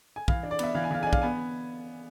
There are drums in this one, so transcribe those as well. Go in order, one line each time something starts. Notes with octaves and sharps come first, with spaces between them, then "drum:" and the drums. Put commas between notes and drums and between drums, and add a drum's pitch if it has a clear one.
G#5
E3 F5, drum: kick
D4
D5
B3 E5, drum: cymbal
E3 F5
G#5
E3 F5
D4 G#5
F5, drum: kick
B3 G#5